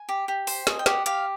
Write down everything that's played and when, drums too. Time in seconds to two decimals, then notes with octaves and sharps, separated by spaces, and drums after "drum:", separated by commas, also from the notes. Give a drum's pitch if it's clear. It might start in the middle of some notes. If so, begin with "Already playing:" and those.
Already playing: G#5
0.09 G4
0.28 G4
0.47 C5 G5, drum: open hi-hat
0.67 D#5 G#5, drum: snare
0.79 G5
0.86 G4 F#5, drum: snare
1.06 G4 F5, drum: hi-hat